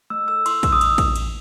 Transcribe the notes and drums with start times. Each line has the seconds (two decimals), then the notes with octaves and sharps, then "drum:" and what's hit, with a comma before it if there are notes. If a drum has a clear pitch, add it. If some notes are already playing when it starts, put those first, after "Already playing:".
0.10 A3 E6
0.28 A4 E6
0.46 E4 C6, drum: cymbal
0.63 A3 E6, drum: kick, cymbal
0.72 D#6
0.81 A3, drum: cymbal
0.98 drum: kick, cymbal
1.16 drum: cymbal